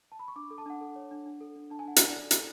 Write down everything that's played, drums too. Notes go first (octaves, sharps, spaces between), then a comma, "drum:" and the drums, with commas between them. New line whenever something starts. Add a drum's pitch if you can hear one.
A5
B5
C#6
D4 D6
A4
A5
D4 F#5
A4
C#5
D4
D4
A4
D4
D4 A5
G#5
D4 F#5
D5 G#5, drum: hi-hat
A4
A4, drum: hi-hat